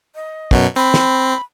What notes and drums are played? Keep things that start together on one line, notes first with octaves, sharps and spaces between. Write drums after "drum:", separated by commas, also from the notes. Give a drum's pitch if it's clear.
D#5
F#2 B2 F#3, drum: kick
C4 B5
drum: snare